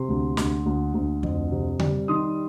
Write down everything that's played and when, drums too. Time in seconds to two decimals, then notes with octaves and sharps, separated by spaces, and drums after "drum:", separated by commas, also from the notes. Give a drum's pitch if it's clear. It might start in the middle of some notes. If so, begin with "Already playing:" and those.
Already playing: C3 C6
0.09 D2
0.37 D2, drum: snare
0.66 D2
0.94 D2
1.23 F2, drum: kick
1.52 C3
1.79 G3, drum: tom C#3
2.08 D#3 C6 D#6